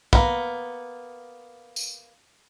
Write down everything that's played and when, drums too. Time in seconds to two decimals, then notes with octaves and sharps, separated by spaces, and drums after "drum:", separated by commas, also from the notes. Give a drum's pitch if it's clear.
0.13 A#3 B3, drum: kick
1.76 drum: tambourine